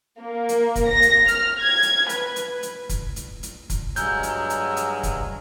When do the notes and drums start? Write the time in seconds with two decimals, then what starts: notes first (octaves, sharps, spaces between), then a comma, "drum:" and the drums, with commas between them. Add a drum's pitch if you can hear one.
0.20 A#3
0.49 drum: hi-hat
0.75 drum: kick, hi-hat
0.86 A#6
1.02 drum: hi-hat
1.28 F6, drum: hi-hat
1.59 G#6
1.82 drum: hi-hat
2.09 B4, drum: hi-hat
2.36 drum: hi-hat
2.63 drum: hi-hat
2.89 drum: kick, hi-hat
3.16 drum: hi-hat
3.43 drum: hi-hat
3.70 drum: kick, hi-hat
3.96 G2 F#3 G#3 A#5 E6 F6 G6, drum: hi-hat
4.23 drum: hi-hat
4.50 drum: hi-hat
4.77 drum: hi-hat
5.03 drum: kick, hi-hat